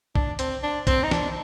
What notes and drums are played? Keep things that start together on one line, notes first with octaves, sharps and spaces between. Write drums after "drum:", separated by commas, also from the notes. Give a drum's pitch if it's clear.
D4, drum: kick A#1
C4, drum: hi-hat
D4
C4, drum: kick A#1, hi-hat
D#4
D4, drum: snare